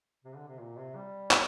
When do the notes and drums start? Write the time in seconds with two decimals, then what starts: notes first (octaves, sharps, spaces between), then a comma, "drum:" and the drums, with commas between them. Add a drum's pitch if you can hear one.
0.25 C3
0.36 D3
0.48 C3
0.60 A#2
0.78 C3
0.96 G3
1.31 drum: clap